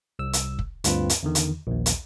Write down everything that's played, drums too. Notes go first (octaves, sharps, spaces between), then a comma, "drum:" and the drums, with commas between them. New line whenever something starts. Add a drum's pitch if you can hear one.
C2 E6
drum: hi-hat
drum: kick
D2 G2 C4 F4 B4, drum: hi-hat
drum: hi-hat
E2 D3 D#3
drum: hi-hat
A#1 D#2
drum: hi-hat